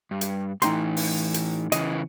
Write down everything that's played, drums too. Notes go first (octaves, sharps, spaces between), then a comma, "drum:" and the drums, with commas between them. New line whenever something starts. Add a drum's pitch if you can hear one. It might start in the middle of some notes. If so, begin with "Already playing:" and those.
G2
drum: hi-hat
A2 E3 D#4 G5 C6, drum: hi-hat
drum: open hi-hat
drum: hi-hat
C#3 E3 D#5, drum: hi-hat